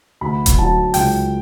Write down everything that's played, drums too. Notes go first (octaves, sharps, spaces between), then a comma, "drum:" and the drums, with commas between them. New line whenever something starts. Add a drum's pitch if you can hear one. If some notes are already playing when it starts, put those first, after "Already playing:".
D2 B5
drum: kick D#1, hi-hat
F#3 A5
C#2 G5, drum: open hi-hat